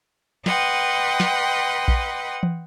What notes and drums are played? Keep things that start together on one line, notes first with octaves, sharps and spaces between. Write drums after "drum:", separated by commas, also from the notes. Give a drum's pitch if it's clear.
B4 D#5 F#5 G5 C6, drum: snare
drum: snare
drum: kick A#1
drum: tom E3